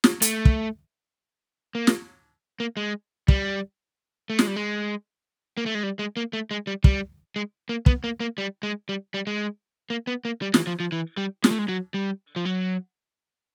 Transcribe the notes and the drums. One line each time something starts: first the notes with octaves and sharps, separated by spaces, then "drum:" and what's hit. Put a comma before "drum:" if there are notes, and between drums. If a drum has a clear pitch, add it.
drum: snare
A3, drum: hi-hat
drum: kick
A#3
drum: snare
A#3
G#3
G3, drum: kick
A3
G#3, drum: snare
G3
G#3
A#3
A3
G#3
G3
G#3
A#3
A3
G#3
G3
G3, drum: kick
G#3
A#3
B3, drum: kick
A#3
A#3
G3
G#3
G3
G3
G#3
A#3
B3
A#3
G3
E3, drum: snare
F3
F3
E3
G3
G#3, drum: snare
A3
G#3
F#3
G3
F3
F#3